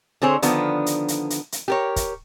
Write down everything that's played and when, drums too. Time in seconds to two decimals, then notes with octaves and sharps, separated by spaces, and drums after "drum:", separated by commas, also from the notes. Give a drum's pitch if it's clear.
0.22 D3 C4 G#4 C5 C#5
0.42 D3 D#3 F3 B3 D4, drum: hi-hat
0.86 drum: hi-hat
1.08 drum: hi-hat
1.30 drum: hi-hat
1.52 drum: hi-hat
1.68 G4 A#4 C#5
1.96 drum: kick, hi-hat